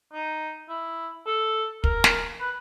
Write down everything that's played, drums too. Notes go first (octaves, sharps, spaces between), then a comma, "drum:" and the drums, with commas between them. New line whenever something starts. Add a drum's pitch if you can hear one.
D#4
E4
A4
A#4, drum: kick
drum: snare
B4